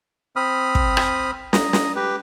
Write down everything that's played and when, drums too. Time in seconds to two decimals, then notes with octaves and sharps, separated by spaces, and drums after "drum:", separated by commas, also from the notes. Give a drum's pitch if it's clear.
0.36 C4 B5 D#6 F6
0.75 drum: kick
0.97 drum: rim click
1.53 A#5 D#6, drum: snare
1.73 drum: snare
1.96 G4 B4